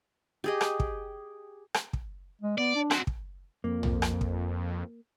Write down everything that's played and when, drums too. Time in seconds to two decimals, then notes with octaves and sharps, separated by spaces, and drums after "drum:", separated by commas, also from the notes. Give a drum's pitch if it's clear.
0.44 G4 G#4 D#5
0.61 drum: rim click
0.80 drum: kick
1.74 drum: rim click
1.93 drum: kick
2.42 G#3
2.58 B3 D5
2.75 D4
2.91 C4 F#4, drum: rim click
3.07 drum: kick
3.64 F2 A#3
3.83 drum: tom
4.02 drum: rim click
4.21 drum: kick